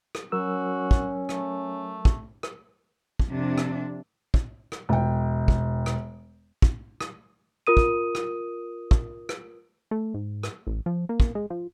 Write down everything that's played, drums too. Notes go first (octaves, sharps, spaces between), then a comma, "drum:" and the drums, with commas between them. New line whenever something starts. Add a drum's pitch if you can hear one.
drum: rim click
F#3 C#4 F#4 A#4 E6
drum: kick
A3, drum: rim click
drum: kick
drum: rim click
drum: kick
F2 C3 D4
drum: rim click
drum: kick
drum: rim click
E1 G5
drum: kick
drum: rim click
drum: kick
drum: rim click
F4 A#4 D#6 D#7
drum: kick
drum: rim click
drum: kick
drum: rim click
A3
G#2
drum: rim click
A1
F3
A#3
drum: kick
G#3
F3